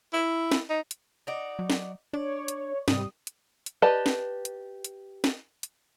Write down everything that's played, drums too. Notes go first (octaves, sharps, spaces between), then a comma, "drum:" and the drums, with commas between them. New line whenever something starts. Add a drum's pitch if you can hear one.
E4
drum: snare
D#4
drum: hi-hat
D#4 F#4 D5
F#3
drum: snare
D4 C#5 D5
drum: hi-hat
G#2 C3 G3 D#6, drum: snare
drum: hi-hat
drum: hi-hat
G4 B4 D5 D#5 A5
drum: snare
drum: hi-hat
drum: hi-hat
drum: snare
drum: hi-hat